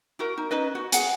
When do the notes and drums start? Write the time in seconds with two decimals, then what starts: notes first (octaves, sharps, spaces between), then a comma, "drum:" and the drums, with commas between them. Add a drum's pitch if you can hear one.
0.19 E4 F#4 A#4
0.38 D#4
0.51 C#4 D#4 B4 D#5
0.75 F#4
0.92 G#4 F#5 G#5, drum: hi-hat